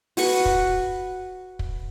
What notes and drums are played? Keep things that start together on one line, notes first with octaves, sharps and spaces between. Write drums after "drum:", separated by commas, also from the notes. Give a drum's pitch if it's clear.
F#4 B4 C#6, drum: open hi-hat
drum: kick
drum: kick